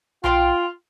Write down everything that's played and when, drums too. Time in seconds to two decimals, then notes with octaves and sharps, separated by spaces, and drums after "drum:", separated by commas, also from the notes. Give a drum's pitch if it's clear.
0.24 F4 F5 G5 C6, drum: tom B1